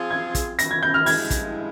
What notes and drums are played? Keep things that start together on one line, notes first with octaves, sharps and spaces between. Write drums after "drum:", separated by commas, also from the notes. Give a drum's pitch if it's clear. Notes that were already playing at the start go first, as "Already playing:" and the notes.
Already playing: F3 C4 F4 G#4
G#6
drum: kick, hi-hat
A#6, drum: hi-hat
G#6
G6
F6
G2 F3 G#3 E4 G#6, drum: open hi-hat
drum: kick, hi-hat